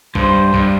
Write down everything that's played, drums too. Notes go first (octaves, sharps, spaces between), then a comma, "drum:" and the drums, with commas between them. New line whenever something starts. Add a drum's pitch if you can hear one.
G2 C5, drum: kick A#1
G2, drum: kick A#1